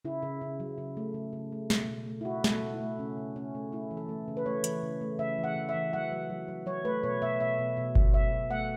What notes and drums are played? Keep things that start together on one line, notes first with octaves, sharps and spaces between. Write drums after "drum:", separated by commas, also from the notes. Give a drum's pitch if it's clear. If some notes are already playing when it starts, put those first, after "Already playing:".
C#3 E4
C#3
C#3
F#3
C#3
A3
C#3
C#3
A3
B2, drum: snare
B2
A3
E4
A3 F#4
B2, drum: snare
A4
B2
E4
A3
C#3 C#4
C#3
C#3 C#4
A3
A3 E4
E3
A4
A3
C#3
B4
A3 C#5
E3, drum: hi-hat
C#3
A3
C#3 E5
E3
F#5
C#3
E5
E3
F#3 F#5
F#3
F#3
F#3
F#3 C#5
A3 B4
B2 C#5
B2 E5
B2 E5
B2
B2
F#3, drum: kick G1
B2 E5
B2
A3 F#5